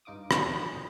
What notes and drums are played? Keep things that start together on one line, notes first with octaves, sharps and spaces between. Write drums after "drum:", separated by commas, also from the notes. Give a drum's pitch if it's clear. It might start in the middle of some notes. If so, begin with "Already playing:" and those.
G2 D#4 F4 D6 D#6
D4, drum: rim click
D2
G#5
A2 D#5 G5